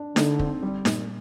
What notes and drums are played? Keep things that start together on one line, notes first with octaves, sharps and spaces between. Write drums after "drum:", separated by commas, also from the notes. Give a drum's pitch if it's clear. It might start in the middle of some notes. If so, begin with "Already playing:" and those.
Already playing: D4
D3 D#4, drum: snare D#4
C4, drum: kick
G3
A#2, drum: snare D#4